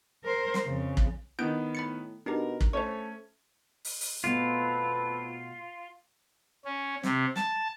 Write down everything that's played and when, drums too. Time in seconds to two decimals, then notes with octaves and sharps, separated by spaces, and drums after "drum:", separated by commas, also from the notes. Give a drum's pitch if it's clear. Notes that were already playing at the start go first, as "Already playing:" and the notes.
0.24 A#4 C5
0.54 drum: snare
0.66 F2 C#3
0.97 drum: kick
1.39 D#3 B3 E4 G6 D7
1.75 A2 B5 A6 C#7
2.26 B2 D4 D#4 G4 A#4
2.61 drum: kick
2.73 A3 C#4 C5 C#5 C#6
3.85 drum: open hi-hat
4.01 drum: open hi-hat
4.24 B2 A3 C4 F4 A4 B4
6.65 C#4
7.03 C3, drum: snare
7.36 A5, drum: snare